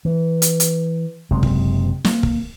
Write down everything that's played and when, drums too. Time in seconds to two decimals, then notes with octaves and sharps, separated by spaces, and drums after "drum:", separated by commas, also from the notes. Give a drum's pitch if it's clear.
0.05 E3
0.42 drum: hi-hat
0.60 drum: hi-hat
1.31 F#1 C3 G#3
1.43 drum: kick
2.05 A#3, drum: snare
2.23 drum: kick